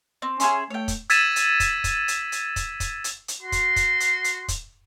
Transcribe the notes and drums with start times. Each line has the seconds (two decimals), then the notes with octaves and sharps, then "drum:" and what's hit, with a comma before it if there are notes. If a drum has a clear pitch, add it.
0.22 C4
0.40 C#4 G#4 E5 C6, drum: hi-hat
0.70 A3 C#5 G5
0.88 drum: kick, hi-hat
1.10 E6 G#6 A6 B6 D#7 E7, drum: hi-hat
1.36 drum: hi-hat
1.60 drum: kick, hi-hat
1.84 drum: kick, hi-hat
2.08 drum: hi-hat
2.32 drum: hi-hat
2.56 drum: kick, hi-hat
2.80 drum: kick, hi-hat
3.04 drum: hi-hat
3.28 drum: hi-hat
3.42 F#4 C6
3.52 drum: kick, hi-hat
3.76 drum: kick, hi-hat
4.00 drum: hi-hat
4.24 drum: hi-hat
4.48 drum: kick, hi-hat